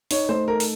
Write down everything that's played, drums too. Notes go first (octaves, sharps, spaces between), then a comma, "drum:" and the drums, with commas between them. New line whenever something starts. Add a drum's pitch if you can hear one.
D#4 C#5, drum: open hi-hat
A3 C5
A4 A#4
drum: open hi-hat